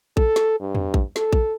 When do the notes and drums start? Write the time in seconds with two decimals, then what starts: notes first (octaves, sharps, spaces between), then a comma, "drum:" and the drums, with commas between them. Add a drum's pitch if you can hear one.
0.17 A4, drum: kick A#1
0.36 drum: snare
0.60 G2
0.75 drum: tom E2
0.94 drum: kick A#1
1.16 A4, drum: snare
1.33 drum: kick A#1